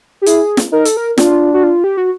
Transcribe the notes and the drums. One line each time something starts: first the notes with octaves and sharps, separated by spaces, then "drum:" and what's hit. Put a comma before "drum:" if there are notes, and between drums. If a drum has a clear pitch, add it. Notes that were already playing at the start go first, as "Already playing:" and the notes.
G4
E4 G#4, drum: hi-hat
drum: snare
D#4 A#4
A4, drum: hi-hat
A#4
D4 F4, drum: snare
F#4
F4
G4
F#4